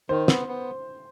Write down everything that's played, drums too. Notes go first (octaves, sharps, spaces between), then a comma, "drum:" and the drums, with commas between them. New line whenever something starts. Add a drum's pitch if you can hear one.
D#3 C5
B3, drum: snare
B3